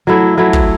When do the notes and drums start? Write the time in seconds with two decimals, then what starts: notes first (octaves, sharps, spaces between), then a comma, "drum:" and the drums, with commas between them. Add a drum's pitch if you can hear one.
0.07 F#3 A3 E4
0.37 F#3 A3 E4
0.53 drum: kick